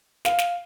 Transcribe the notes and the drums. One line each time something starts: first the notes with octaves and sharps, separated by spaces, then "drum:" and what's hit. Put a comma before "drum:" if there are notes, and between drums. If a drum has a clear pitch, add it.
F5, drum: snare
drum: snare